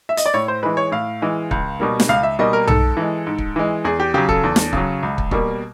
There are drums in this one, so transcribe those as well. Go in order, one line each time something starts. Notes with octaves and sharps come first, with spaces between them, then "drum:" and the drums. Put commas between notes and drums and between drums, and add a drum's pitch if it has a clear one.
E5
D#5, drum: hi-hat
D5
A2 C#5
C5
E3 G#3 B4
C#5
A2 F5
E3 G#3
C#2, drum: kick
B2 G3 A#3
drum: snare
C#2 F5
E5
B2 G3 A#3 D#5
A#4
G#2 A4, drum: tom B1
E3 G#3
G#2
drum: kick
E3 G#3
E2 G#4
G4
C#3 F#3 G4
A4, drum: kick
E2
drum: snare
C#3 F#3, drum: kick
C#2
drum: kick
B2 G3 A#3, drum: kick